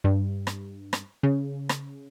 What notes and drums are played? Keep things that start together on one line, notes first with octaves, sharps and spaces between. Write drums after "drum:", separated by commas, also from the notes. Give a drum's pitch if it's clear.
G2
drum: rim click
drum: rim click
C#3
drum: rim click